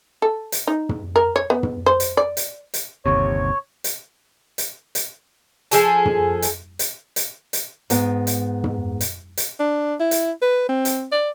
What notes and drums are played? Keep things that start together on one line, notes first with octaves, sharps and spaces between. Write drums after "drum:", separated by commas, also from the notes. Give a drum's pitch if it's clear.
A4
drum: hi-hat
D#4
drum: tom
A#4
C#5
B3
drum: tom
C5
drum: hi-hat
D5
drum: hi-hat
drum: hi-hat
G1 D#2 C3 C#5
drum: hi-hat
drum: hi-hat
drum: hi-hat
F3 G#4 A4, drum: hi-hat
drum: tom
drum: hi-hat
drum: hi-hat
drum: hi-hat
drum: hi-hat
G#2 B3 G5, drum: hi-hat
drum: hi-hat
drum: tom
drum: hi-hat
drum: hi-hat
D4
E4
drum: hi-hat
B4
C4
drum: hi-hat
D5